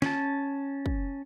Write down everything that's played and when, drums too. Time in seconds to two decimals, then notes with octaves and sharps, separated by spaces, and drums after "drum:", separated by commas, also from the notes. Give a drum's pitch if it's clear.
0.02 C#4 A5, drum: snare
0.86 drum: kick